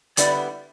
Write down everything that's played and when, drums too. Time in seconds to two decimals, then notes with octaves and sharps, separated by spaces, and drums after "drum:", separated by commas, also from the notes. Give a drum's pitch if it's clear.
0.17 D3 G3 B3 E4 D5, drum: hi-hat